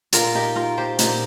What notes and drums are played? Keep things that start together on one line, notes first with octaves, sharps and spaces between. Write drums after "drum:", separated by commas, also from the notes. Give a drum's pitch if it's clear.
A#2 A#3 F4 A#4, drum: hi-hat
D#4 G4
F4 A#4
G4 C5
A#2 A#3 D#4 G4, drum: hi-hat